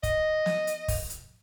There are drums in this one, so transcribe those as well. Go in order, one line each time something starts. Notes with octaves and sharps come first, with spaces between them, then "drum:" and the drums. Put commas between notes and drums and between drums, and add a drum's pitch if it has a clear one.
D#5, drum: kick, hi-hat
drum: snare
drum: hi-hat
drum: kick, open hi-hat
drum: hi-hat